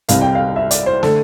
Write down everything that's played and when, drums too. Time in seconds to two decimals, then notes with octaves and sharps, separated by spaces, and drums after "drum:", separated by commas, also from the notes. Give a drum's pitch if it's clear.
0.09 C2 C3 G3 F5, drum: hi-hat
0.21 G5
0.35 F5
0.56 E5
0.71 D5, drum: hi-hat
0.86 C5
1.03 D3 A3 A4, drum: snare